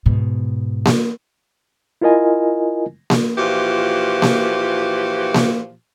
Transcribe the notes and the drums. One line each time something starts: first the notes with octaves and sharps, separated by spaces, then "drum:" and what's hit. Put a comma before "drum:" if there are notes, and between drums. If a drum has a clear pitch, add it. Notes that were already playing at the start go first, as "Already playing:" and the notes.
G#2 B2
drum: snare A#3
E4 F4 A#4 D#5 G#5
drum: snare A#3
A#2 E3 F3 F#4 G4
drum: snare A#3
drum: snare A#3